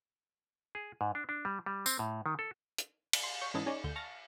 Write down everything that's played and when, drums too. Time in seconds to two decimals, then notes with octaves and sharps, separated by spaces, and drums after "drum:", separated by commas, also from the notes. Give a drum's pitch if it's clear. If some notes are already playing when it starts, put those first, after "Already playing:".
0.75 G#4
1.01 G#2
1.15 D4
1.29 D4
1.45 G3
1.66 G3
1.86 C4, drum: tambourine
1.99 A2
2.26 D#3
2.39 A4
2.78 drum: hi-hat
3.13 drum: cymbal
3.23 C6
3.41 C#5 C#6 G6
3.54 G#2 E3 C#4 A4 D#5 A6
3.66 C#4 D#4 G#4 C#5 D5
3.84 D2 G6
3.96 A5 C#6 F6 A6 A#6